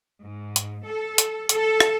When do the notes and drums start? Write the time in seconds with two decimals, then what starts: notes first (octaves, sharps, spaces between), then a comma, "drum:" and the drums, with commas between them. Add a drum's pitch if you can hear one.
0.23 G#2
0.56 drum: hi-hat
0.83 A4
1.18 drum: hi-hat
1.49 A4, drum: hi-hat
1.80 drum: rim click